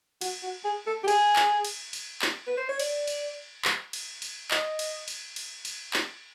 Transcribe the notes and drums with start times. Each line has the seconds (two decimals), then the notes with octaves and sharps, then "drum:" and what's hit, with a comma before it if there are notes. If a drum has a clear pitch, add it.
0.21 F#4, drum: cymbal
0.43 F#4
0.65 G#4
0.86 A4
1.04 G4
1.08 G#4, drum: cymbal
1.36 drum: clap
1.65 drum: cymbal
1.93 drum: cymbal
2.22 drum: clap
2.47 B4
2.58 C5
2.69 C#5
2.80 D5, drum: cymbal
3.08 drum: cymbal
3.65 drum: clap
3.93 drum: cymbal
4.22 drum: cymbal
4.51 D#5, drum: clap
4.79 drum: cymbal
5.08 drum: cymbal
5.36 drum: cymbal
5.65 drum: cymbal
5.93 drum: clap